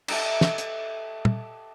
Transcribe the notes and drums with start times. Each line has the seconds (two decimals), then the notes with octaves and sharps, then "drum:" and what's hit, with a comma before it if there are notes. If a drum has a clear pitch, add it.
0.08 G4 A4 D#5 E5, drum: cymbal
0.41 drum: snare
0.58 drum: hi-hat
1.25 drum: tom